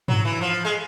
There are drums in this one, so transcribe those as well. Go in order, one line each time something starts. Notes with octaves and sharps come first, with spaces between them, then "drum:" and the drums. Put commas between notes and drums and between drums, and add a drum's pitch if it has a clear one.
F#3, drum: tom G2
E3
F3
G#3